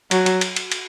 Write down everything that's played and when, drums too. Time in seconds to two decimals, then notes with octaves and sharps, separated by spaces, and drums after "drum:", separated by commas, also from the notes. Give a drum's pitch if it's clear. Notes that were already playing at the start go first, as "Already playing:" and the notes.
0.11 F#3, drum: cymbal
0.26 drum: cymbal
0.41 drum: cymbal
0.56 drum: cymbal
0.72 drum: cymbal